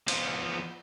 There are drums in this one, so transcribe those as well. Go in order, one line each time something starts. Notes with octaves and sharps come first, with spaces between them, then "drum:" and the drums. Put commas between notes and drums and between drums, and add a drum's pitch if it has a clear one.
F3 B3, drum: cymbal